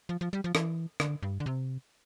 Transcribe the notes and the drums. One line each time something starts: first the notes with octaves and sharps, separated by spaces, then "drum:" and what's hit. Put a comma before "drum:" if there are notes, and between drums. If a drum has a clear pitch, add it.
F3
F3
G3
F3
E3, drum: rim click
D3, drum: rim click
G2
D3
C3